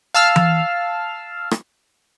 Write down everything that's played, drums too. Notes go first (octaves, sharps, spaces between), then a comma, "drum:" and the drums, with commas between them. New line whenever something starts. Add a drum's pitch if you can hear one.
F5 A5 E6 F6
drum: tom E3
drum: rim click